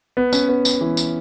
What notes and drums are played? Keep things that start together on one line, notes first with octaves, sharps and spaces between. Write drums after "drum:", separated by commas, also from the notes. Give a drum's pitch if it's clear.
B3
C#4, drum: tambourine
B3
drum: tambourine
E3
drum: tambourine